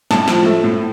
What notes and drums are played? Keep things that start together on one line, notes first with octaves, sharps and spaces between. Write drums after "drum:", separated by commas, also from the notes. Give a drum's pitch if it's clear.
A2 A5, drum: snare
F3, drum: snare
A3
A2